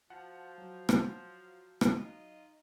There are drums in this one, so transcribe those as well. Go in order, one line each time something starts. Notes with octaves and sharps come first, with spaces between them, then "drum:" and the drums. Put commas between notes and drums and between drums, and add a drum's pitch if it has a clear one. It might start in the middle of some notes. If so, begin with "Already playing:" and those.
F3 F#4 F#5 A5
F#3
drum: rim click
drum: rim click
D#4 F4 D#5